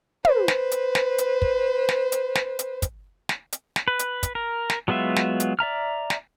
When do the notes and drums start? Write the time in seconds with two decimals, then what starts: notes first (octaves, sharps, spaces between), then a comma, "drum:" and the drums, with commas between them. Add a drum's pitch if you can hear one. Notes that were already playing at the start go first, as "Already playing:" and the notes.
0.25 B4 C5, drum: tom
0.48 drum: snare
0.71 drum: hi-hat
0.95 drum: snare
1.18 drum: hi-hat
1.42 drum: kick
1.89 drum: snare
2.12 drum: hi-hat
2.35 drum: snare
2.59 drum: hi-hat
2.82 drum: kick, hi-hat
3.29 drum: snare
3.52 drum: hi-hat
3.76 drum: snare
3.88 B4
3.99 drum: hi-hat
4.23 drum: kick, hi-hat
4.35 A#4
4.70 drum: snare
4.88 F#3 G#3 B3 F4 E5
5.16 drum: snare
5.40 drum: hi-hat
5.59 D5 E5 A#5 F6
6.10 drum: snare